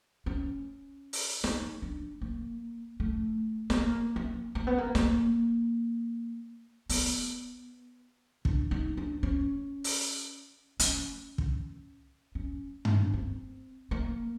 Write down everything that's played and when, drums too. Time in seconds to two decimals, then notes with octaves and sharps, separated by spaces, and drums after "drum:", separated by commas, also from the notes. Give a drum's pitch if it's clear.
0.26 C#4
1.13 drum: open hi-hat
1.44 D#4, drum: snare
1.82 D4
2.21 A#3
3.00 A3
3.70 B3, drum: snare
3.77 A#3
4.16 A#3
4.55 A#3
4.67 B3
4.78 A#3
4.95 A#3, drum: snare
6.89 B3, drum: open hi-hat
8.45 D4, drum: kick
8.71 D#4
8.97 D4
9.23 C#4
9.84 drum: open hi-hat
10.80 C#4, drum: hi-hat
11.38 drum: kick
12.35 C#4
12.85 drum: tom G2
13.13 C4
13.91 A#3